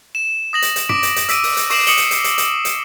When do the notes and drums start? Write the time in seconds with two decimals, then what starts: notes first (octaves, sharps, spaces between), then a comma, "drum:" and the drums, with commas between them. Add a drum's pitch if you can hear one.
0.15 E7
0.53 D#6 A#6 F#7
0.62 drum: hi-hat
0.76 drum: hi-hat
0.89 D6 B6 D7, drum: tom
1.03 drum: hi-hat
1.16 drum: hi-hat
1.29 E6 B6 D7 D#7, drum: hi-hat
1.43 drum: open hi-hat
1.57 drum: hi-hat
1.70 C#6 D6 C7 D7 E7 F#7, drum: open hi-hat
1.87 D#6 C#7 F#7 G7, drum: hi-hat
1.97 drum: hi-hat
2.11 drum: hi-hat
2.24 drum: hi-hat
2.38 drum: hi-hat
2.65 drum: hi-hat